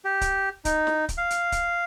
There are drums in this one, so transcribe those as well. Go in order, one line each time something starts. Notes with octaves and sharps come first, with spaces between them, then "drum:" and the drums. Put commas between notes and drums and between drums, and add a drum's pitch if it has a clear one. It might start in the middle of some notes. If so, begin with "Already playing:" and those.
G4
drum: kick C#1, hi-hat
D#4, drum: kick C#1, hi-hat
drum: snare
drum: kick C#1, hi-hat
F5
drum: hi-hat
drum: kick C#1, hi-hat